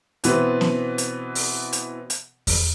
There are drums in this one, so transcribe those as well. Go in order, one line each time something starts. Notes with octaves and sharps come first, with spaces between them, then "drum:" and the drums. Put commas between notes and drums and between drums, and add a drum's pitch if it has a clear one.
B2 E3 B3 C4, drum: hi-hat
drum: snare B3
drum: hi-hat
drum: open hi-hat
drum: hi-hat
drum: hi-hat
drum: kick E2, open hi-hat